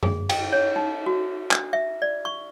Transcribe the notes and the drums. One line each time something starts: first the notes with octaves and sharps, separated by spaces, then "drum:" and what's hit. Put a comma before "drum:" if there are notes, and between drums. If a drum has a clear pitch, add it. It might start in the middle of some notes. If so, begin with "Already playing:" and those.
G#4, drum: tom F#2
G5, drum: cymbal
C#5
D#4
F#4
D4, drum: clap
E5
D5
C#6